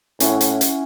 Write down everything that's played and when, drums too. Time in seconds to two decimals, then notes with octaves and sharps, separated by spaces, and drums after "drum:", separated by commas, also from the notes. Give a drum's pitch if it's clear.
0.20 A2 C#4 E4 F#5, drum: hi-hat
0.41 drum: hi-hat
0.61 drum: hi-hat